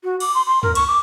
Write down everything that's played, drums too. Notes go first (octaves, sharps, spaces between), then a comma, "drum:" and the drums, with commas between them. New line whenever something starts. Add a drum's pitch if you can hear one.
F#4
D6, drum: cymbal
C6
C6
A#4, drum: tom
C#6, drum: cymbal
D6